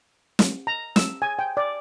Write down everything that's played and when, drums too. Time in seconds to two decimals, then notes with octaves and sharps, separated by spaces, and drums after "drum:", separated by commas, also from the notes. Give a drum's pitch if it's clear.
0.39 drum: snare
0.67 A#5
0.96 E6, drum: snare
1.22 G#5
1.39 G5
1.57 D5